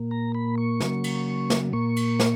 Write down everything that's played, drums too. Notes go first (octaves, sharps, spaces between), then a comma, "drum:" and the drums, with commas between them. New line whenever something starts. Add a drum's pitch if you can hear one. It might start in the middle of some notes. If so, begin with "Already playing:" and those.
Already playing: A#2 A#3
A#5
B5
C#6
C#3 F#3 A#3, drum: snare
drum: cymbal
drum: snare
A#2 A#3 C#6
drum: cymbal
drum: snare